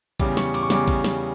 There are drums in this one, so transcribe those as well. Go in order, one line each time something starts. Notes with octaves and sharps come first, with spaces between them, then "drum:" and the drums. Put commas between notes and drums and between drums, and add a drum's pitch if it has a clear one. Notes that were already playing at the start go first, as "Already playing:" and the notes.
E2 C#3 G3 D6, drum: kick A1, cymbal
C#6, drum: snare
D6, drum: cymbal
C#6
E2 C#3 G3 D6, drum: snare
drum: kick A1, cymbal
drum: snare